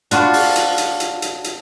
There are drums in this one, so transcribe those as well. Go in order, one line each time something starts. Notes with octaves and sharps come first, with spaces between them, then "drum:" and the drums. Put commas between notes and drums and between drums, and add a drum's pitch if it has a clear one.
D4 F4 F#4, drum: hi-hat
drum: open hi-hat
drum: hi-hat
drum: hi-hat
drum: hi-hat
drum: hi-hat
drum: hi-hat